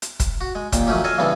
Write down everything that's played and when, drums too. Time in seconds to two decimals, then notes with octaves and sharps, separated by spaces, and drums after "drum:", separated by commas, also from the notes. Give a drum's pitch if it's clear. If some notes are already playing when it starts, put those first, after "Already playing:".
0.02 drum: hi-hat
0.20 drum: kick, hi-hat
0.41 F#4
0.55 G#3
0.72 D#2 A#2 G5, drum: kick, hi-hat
0.87 D#3 F3 F#3 A3 C#4 G4
1.04 A4 C#5 D#5 F5 G#5 A5
1.18 G2 C#3 E3 B3 C4 A4